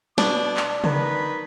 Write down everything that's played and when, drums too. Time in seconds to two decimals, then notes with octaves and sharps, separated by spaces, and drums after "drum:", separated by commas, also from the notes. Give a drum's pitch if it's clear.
0.18 B2 D4 D6, drum: snare
0.57 drum: clap
0.84 D#3 B4, drum: tom C#3